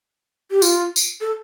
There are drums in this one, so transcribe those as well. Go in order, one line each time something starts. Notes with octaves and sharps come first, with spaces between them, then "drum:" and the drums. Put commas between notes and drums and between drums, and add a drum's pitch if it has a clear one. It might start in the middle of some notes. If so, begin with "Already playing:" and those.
G4
F4, drum: tambourine
drum: tambourine
A4